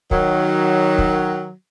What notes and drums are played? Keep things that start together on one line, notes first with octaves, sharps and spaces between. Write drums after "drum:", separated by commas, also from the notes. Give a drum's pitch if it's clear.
D#3 F#3, drum: kick
drum: kick